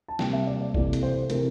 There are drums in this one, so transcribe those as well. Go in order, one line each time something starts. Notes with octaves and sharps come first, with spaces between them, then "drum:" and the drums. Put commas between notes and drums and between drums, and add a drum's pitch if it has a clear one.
A5
C3 G3 A#3 G5, drum: snare
E5
D5
D5
C3 E3 A3 D5, drum: kick G#1
drum: hi-hat
C5
C3 E3 A3 A#4, drum: hi-hat